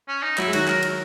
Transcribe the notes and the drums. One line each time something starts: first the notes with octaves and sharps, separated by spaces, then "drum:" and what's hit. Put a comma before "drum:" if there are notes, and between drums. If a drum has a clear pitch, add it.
C#4
D#4
F#3 E4, drum: clap
G#3
D#3 F#3 F#4, drum: cymbal
A#4, drum: clap
drum: cymbal